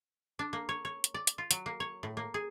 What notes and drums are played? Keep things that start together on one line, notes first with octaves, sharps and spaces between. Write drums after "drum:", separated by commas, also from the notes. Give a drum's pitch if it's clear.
D4
A#3
C#5
C#5
drum: hi-hat
D5
drum: hi-hat
F4
F#3, drum: hi-hat
A#3
C#5
A2
A#3
G#4